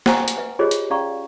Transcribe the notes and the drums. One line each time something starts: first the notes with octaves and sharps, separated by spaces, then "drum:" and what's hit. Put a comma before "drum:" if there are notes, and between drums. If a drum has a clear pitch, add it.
C5 E5 F#5 G#5 A#5 C#6, drum: snare
drum: hi-hat
B4 E5
F4 G4 G#4 C5 C#5 D#5
drum: hi-hat
C#4 D5 F5 A#5 C#6